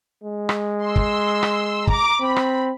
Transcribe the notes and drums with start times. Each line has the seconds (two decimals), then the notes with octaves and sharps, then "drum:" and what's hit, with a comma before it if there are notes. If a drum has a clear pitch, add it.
0.24 G#3
0.49 drum: rim click
0.84 C6 E6
0.96 drum: kick
1.43 drum: rim click
1.87 A#5 D6, drum: kick
2.21 C4 B5
2.36 drum: rim click